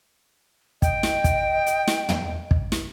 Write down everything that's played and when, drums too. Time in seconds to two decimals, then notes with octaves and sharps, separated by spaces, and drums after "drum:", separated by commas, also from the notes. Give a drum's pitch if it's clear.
0.82 D#5 G5, drum: kick, hi-hat
1.03 drum: snare
1.24 drum: kick, hi-hat
1.66 drum: hi-hat
1.88 drum: snare
2.09 drum: tom
2.51 drum: kick
2.72 drum: snare